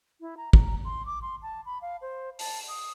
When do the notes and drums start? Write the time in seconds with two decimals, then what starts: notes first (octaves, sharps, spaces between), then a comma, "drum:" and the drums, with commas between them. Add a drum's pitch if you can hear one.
0.21 E4
0.37 A#5
0.53 A#5, drum: kick
0.85 C6
1.06 D6
1.22 C6
1.42 A5
1.66 B5
1.82 F5
2.02 C5
2.39 A5, drum: open hi-hat
2.68 D#6